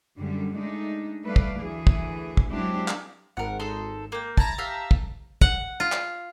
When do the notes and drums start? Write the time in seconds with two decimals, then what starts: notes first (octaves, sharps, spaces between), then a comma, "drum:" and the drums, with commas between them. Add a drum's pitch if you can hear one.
0.18 F#2 D3 G3
0.55 G#3 A3 D4 D#4
1.24 G3 A3 B4 D5 F5
1.36 drum: kick
1.60 D2 E3 G#4
1.87 drum: kick
2.37 drum: kick
2.50 F#3 G#3 C4 D4 E4 G4
2.88 drum: clap
3.37 G#1 A#4 F#5
3.60 D#4 A4 C6
4.12 A#3 G5
4.37 E4 A5 A#5, drum: kick
4.58 G4 E5 F5
4.91 drum: kick
5.41 F#5, drum: kick
5.80 F4
5.92 drum: clap